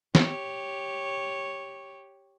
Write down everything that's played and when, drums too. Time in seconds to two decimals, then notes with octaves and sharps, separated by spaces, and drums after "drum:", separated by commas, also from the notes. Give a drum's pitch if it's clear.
0.15 G4 C#5, drum: snare